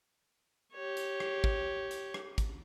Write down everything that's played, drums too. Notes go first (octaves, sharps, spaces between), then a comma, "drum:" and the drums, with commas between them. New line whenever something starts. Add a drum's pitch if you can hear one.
G4 C#5
drum: hi-hat
drum: rim click
drum: kick
drum: hi-hat
drum: rim click
drum: kick, hi-hat